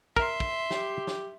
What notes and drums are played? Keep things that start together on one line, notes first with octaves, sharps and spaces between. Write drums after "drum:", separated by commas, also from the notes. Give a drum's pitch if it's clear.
A#4 E5 C6, drum: kick
drum: kick
G4, drum: snare
drum: snare